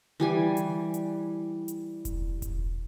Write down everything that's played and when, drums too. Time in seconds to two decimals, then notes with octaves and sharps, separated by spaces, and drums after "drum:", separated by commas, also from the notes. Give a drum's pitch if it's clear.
0.20 E3 G3 G#5
0.57 drum: hi-hat
0.94 drum: hi-hat
1.68 drum: hi-hat
2.05 drum: kick E1, hi-hat
2.42 drum: kick E1, hi-hat